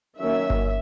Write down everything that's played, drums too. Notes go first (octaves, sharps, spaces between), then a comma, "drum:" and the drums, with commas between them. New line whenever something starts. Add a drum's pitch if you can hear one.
D#3 F#3 A#3 C#4 E5
drum: kick G1